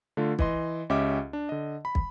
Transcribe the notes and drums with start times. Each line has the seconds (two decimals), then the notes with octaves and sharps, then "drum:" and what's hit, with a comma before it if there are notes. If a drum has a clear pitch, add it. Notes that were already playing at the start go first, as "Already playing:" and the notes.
0.17 D3 A3 F4
0.39 E3 D#5 C6, drum: kick
0.90 C#2 C#4 G4 D#5 E5 D6
1.33 D4
1.49 D3 D#5
1.85 B5
1.95 drum: kick